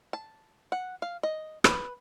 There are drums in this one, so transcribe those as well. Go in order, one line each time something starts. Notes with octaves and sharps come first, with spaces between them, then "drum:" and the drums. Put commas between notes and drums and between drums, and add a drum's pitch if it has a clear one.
A5
F#5
F5
D#5
B4, drum: rim click